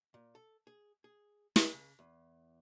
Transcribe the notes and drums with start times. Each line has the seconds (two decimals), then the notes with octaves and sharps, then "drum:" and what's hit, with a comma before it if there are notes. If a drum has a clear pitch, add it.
0.14 A#2
0.35 A4
0.67 G#4
1.04 G#4
1.56 D3, drum: snare
1.72 C#3
1.99 E2